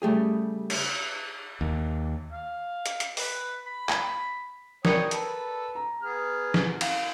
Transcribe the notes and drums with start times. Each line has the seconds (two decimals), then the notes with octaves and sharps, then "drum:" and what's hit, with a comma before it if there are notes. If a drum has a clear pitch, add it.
0.02 C#3 G3 A3 G4 G#4
0.70 drum: cymbal
1.61 D#2
2.32 F5
2.86 drum: hi-hat
3.00 drum: hi-hat
3.17 B4, drum: open hi-hat
3.66 B5
3.89 drum: clap
4.85 A#4 C#5 D5 G5 B5 D#6, drum: snare
5.11 A4 B4, drum: hi-hat
5.75 A#5
6.02 B3 G#4 F6
6.54 drum: snare
6.81 F5, drum: cymbal